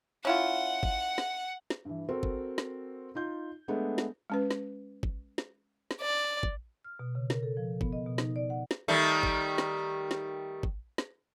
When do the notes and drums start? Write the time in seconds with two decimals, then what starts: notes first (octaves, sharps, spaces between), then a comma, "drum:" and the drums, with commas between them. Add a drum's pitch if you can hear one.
0.25 C#4 E4 F4 F#5
0.83 drum: kick
1.18 drum: snare
1.70 drum: snare
1.85 G2 E3
2.09 C4 F#4 A4 A#4
2.23 drum: kick
2.58 drum: snare
3.15 D#4 F4 G6
3.68 G#3 A3 B3 D4
3.98 drum: snare
4.30 G#3 C#4 B4
4.51 drum: snare
5.03 drum: kick
5.38 drum: snare
5.91 drum: snare
6.01 D5
6.43 drum: kick
6.85 F6
6.99 B2
7.15 C#3
7.30 A#4, drum: snare
7.43 A4
7.57 F3
7.81 B3, drum: kick
7.93 D#5
8.06 B2
8.18 D#4, drum: snare
8.36 D5
8.50 F#5
8.71 drum: snare
8.88 D#3 G3 A3
9.23 drum: kick
9.58 drum: snare
10.11 drum: snare
10.63 drum: kick
10.98 drum: snare